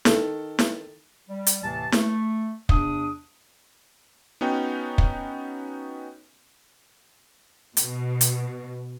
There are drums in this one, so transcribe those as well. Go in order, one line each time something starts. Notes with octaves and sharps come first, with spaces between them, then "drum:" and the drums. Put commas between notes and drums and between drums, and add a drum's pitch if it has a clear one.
D#3 A4, drum: snare
drum: snare
G3
drum: hi-hat
D#2 A2 C3 E3 A5
A3, drum: snare
E2 C3 D4 D#6, drum: kick
B3 C#4 D#4 F#4 G5
drum: kick
B2, drum: hi-hat
drum: hi-hat